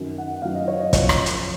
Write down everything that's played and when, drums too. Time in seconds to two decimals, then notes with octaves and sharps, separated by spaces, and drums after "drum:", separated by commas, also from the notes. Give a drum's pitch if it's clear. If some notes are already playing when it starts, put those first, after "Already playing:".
Already playing: F#2 D#3 F#3
0.18 F#5
0.42 F#2 D#3 F#3 F5
0.55 D#5
0.68 C#5
0.80 D#5
0.93 F#1 F#2 F3 C#5, drum: kick, hi-hat
1.09 drum: rim click
1.26 drum: hi-hat